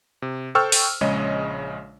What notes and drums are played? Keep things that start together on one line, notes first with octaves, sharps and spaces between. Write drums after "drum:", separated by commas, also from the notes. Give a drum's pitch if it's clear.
C3
A4 C5 G5 C#6 E6 F6
drum: open hi-hat
A#1 C#3 G#3 C#5 D#5